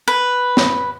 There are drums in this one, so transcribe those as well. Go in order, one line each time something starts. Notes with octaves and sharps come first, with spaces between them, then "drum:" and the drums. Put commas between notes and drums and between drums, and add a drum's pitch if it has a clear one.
B4
drum: snare